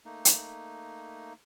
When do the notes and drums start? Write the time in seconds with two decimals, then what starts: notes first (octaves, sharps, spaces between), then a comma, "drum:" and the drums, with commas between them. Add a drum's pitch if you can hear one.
0.05 A3 A#3 D#4
0.25 drum: hi-hat